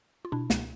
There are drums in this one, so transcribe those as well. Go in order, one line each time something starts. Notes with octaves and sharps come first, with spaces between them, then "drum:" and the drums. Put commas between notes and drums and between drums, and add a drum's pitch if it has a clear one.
F4
B2 D4 E4
C#2, drum: snare